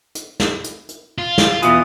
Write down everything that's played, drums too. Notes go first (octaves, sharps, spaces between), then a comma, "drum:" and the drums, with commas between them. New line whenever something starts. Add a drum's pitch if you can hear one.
drum: hi-hat
drum: snare
drum: hi-hat
drum: hi-hat
F4
drum: snare
E2 B2 E3 F4 D#6, drum: hi-hat